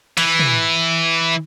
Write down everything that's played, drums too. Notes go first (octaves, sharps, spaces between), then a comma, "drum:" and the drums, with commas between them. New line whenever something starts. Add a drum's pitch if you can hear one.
E3, drum: cymbal
drum: tom